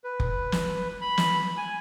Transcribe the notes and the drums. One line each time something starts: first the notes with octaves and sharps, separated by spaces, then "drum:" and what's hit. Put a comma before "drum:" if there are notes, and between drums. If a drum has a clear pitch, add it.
B4
drum: kick F1
drum: snare
B5
drum: snare
G#5